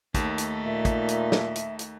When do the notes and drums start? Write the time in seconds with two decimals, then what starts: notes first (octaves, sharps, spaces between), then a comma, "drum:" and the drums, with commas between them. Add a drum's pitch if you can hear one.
0.14 D#2 A3 D#4, drum: kick, hi-hat
0.38 drum: hi-hat
0.66 A#2 E5
0.85 drum: kick, hi-hat
1.08 drum: hi-hat
1.32 drum: snare
1.55 drum: hi-hat
1.79 drum: hi-hat